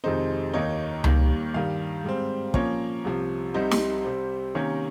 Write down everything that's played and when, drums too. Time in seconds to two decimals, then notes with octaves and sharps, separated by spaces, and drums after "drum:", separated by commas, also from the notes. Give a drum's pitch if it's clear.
0.04 F2 C3 D#3 G#3 D#4 C5
0.54 D#2 D#3 A#3 D#4 C#5
1.04 D#2 D#3 G3 A#3, drum: tom C#2
1.54 G2 D#3 G3 F5
2.04 G#2 G3 C4
2.54 A#2 F3 A#3 C#4 C#5, drum: kick
3.04 C2 C3 F3
3.54 C2 C3 G3 C4 D#4 C5
3.71 drum: snare
4.04 C3 G3 C4
4.55 C3 D#3 A#3 C#4 C#5